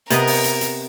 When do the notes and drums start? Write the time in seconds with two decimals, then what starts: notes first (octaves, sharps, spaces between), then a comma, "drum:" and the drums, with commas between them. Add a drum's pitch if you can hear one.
0.10 C3 B3 A#4 D#5, drum: hi-hat
0.27 drum: open hi-hat
0.44 drum: hi-hat
0.61 drum: hi-hat